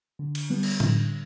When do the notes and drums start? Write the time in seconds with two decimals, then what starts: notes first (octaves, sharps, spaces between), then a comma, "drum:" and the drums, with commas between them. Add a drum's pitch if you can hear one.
0.19 D3
0.35 drum: cymbal
0.50 G3 B3
0.63 drum: cymbal
0.80 D3, drum: tom A2